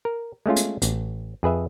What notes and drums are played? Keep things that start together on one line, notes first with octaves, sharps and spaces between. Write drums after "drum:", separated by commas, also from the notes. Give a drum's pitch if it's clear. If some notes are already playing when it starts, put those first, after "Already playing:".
A#4
G#3 A3 C#4 F4
drum: hi-hat
A1, drum: hi-hat
F2 G#4 B4 E5